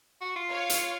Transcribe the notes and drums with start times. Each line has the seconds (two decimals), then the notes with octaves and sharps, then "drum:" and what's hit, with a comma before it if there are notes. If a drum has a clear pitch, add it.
0.21 F#4
0.36 F4
0.50 C#5 F5
0.70 drum: hi-hat